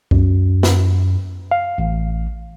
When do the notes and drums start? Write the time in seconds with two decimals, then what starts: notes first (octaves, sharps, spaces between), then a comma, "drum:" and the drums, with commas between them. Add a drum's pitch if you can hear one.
0.11 F#2, drum: kick C2
0.63 drum: snare
1.51 F5
1.78 A1